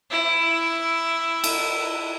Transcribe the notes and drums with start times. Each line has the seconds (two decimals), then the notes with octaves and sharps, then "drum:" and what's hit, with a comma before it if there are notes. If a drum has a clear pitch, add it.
0.11 E4
1.44 drum: cymbal